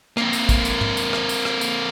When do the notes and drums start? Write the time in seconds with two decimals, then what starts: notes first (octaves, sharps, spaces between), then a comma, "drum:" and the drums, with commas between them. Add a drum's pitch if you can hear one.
0.17 A#3 C4, drum: rim click
0.33 drum: tambourine
0.49 drum: kick A1, tambourine
0.65 drum: tambourine
0.81 drum: tom
0.97 drum: tambourine
1.13 drum: rim click
1.29 drum: tambourine
1.45 drum: rim click
1.61 drum: tambourine